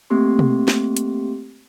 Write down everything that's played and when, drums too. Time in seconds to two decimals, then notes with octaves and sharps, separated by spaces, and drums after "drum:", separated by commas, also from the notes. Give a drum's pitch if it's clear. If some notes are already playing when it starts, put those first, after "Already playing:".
0.10 A3 A#3 C4 G4 C6
0.39 drum: tom B2
0.68 drum: snare
0.97 drum: hi-hat